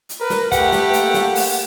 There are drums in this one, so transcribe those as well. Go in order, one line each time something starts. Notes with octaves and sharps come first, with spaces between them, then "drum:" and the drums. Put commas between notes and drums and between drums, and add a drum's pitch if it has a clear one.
drum: hi-hat
A#4 B4
drum: snare
A3 G4 B4 F#5, drum: kick, hi-hat
drum: snare
A#3, drum: hi-hat
drum: snare
drum: open hi-hat